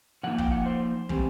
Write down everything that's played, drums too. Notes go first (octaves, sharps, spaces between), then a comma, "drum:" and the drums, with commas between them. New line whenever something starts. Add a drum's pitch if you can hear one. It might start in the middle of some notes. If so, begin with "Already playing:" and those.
D3 F3 A#3 D#4 F#5
G5, drum: kick
F#5
C5
E3 G3 C4, drum: kick